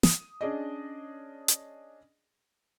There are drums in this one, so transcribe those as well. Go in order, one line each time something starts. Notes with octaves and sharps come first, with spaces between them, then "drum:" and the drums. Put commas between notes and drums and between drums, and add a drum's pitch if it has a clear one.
D#6, drum: snare
C#4 D4 G#4 D5 D#5
drum: hi-hat